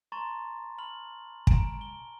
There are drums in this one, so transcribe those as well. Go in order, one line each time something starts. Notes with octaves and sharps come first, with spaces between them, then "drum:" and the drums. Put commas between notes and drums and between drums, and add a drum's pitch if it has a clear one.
A5 A#5 C6 C#6 A6
B5 F6 F#7
G#5 A#5 D7, drum: kick
G7